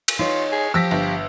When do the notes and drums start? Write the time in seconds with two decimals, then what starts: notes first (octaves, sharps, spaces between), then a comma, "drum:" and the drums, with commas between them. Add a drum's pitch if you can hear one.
0.08 drum: cymbal
0.19 D#4 F4 C#5
0.52 G#4
0.74 F3 G4 F5 E6 A#6 B6
0.91 G1